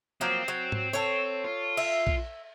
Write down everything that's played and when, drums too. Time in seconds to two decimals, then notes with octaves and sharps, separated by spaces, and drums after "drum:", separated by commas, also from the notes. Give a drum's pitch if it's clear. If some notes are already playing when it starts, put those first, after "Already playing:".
0.21 F3 F#3 A#3 C4
0.48 F#3
0.72 drum: tom G#2
0.93 A4 C#5
1.44 F4
1.77 E5, drum: cymbal
2.07 drum: kick A#1